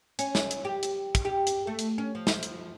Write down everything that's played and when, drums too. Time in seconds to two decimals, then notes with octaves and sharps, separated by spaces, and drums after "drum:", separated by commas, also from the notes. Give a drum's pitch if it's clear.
0.19 C#4, drum: hi-hat
0.35 drum: snare
0.51 drum: hi-hat
0.65 G4
0.83 drum: hi-hat
1.15 drum: kick, hi-hat
1.25 G4
1.47 drum: hi-hat
1.67 A3
1.79 drum: hi-hat
1.98 C#4
2.15 F3
2.27 drum: snare
2.43 drum: hi-hat